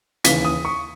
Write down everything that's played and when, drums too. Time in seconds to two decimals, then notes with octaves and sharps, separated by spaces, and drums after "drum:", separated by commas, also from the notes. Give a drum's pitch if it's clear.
0.24 D#2 C#3 E3 B6, drum: hi-hat
0.45 D#6
0.65 C#6